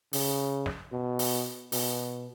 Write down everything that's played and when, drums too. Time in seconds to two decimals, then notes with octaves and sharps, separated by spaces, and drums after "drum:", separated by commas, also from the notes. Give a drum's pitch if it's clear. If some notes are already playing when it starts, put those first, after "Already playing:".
0.13 C#3, drum: open hi-hat
0.66 drum: snare
0.92 B2
1.19 drum: open hi-hat
1.72 B2, drum: open hi-hat